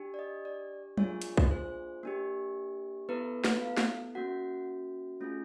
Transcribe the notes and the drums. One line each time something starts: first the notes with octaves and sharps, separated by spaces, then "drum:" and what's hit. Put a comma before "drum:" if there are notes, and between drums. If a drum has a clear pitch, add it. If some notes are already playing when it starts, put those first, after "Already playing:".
Already playing: D4 G4
D5
D#5
D5
A#3 D4 F4 G#4 C#5, drum: tom F#3
drum: hi-hat
drum: kick B1
C5
A#3 D4 G4
B3 E4 A4 B4
B4, drum: snare
F5
drum: snare
A#3 C#4 F#4 F#5
A3 C#4 F4 G#4